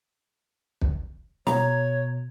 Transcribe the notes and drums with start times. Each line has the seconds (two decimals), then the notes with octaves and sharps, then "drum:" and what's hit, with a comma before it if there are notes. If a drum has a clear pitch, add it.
0.81 drum: kick
1.47 B2 C#5 A#5, drum: snare